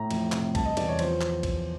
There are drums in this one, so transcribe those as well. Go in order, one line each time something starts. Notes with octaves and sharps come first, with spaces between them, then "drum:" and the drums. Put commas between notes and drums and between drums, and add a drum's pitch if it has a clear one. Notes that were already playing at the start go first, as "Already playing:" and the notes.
Already playing: A2 A#5
F2, drum: cymbal
C3, drum: clap
G3 A5, drum: kick B1, cymbal
D#5
E2 D5, drum: cymbal
C#5
F3 C5, drum: cymbal
drum: clap
drum: kick B1, cymbal